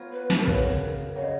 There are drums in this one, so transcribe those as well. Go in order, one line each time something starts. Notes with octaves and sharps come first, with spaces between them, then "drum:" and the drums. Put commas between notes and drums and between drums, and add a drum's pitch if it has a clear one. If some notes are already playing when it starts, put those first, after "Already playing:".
Already playing: F3 B3 F4 A#4 C#5
B4
drum: snare
A#4
F#2 C#3 F#3 B4, drum: kick
A#4
C#3 F#3 C#5
D#5